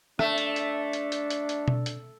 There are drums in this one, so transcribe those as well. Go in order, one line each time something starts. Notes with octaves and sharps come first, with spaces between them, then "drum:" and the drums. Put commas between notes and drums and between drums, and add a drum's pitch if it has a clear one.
A3 D4, drum: rim click
drum: hi-hat
drum: hi-hat
drum: hi-hat
drum: hi-hat
drum: hi-hat
drum: hi-hat
drum: tom B2
drum: hi-hat